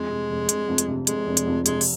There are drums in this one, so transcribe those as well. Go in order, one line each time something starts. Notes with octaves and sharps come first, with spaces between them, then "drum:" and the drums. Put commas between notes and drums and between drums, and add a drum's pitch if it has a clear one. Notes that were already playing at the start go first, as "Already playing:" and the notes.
Already playing: F2 G#3
C3
F1
F1, drum: hi-hat
F2
drum: hi-hat
C3
F1 G#3, drum: hi-hat
F1
drum: hi-hat
F2
C3 G#3, drum: hi-hat
drum: open hi-hat